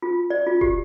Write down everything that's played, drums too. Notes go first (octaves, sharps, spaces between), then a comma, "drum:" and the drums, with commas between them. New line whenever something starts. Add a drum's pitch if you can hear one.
F4
D5
F4
G4, drum: kick